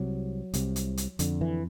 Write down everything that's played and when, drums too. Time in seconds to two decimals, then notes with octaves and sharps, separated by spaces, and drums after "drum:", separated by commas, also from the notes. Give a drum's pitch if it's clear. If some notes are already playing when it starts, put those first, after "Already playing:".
Already playing: C2 C3 F#3
0.54 C2 C3, drum: hi-hat
0.76 drum: hi-hat
0.97 drum: hi-hat
1.19 F2 D3, drum: hi-hat
1.41 E3